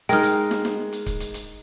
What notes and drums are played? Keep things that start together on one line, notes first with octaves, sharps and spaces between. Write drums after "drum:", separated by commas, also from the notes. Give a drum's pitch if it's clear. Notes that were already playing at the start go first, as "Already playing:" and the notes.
G#3 D#4 A#4 G5 F6, drum: hi-hat
drum: hi-hat
drum: snare
drum: snare
drum: hi-hat
drum: kick C#1, hi-hat
drum: hi-hat
drum: hi-hat